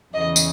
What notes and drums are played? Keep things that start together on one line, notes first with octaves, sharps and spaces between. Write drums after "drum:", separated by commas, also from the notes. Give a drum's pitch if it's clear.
E2 C#3 E3 D#5
drum: tambourine